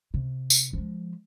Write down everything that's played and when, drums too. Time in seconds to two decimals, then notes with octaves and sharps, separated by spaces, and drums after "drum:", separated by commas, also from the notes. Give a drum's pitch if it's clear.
0.14 C3
0.50 drum: tambourine
0.73 F3 G#3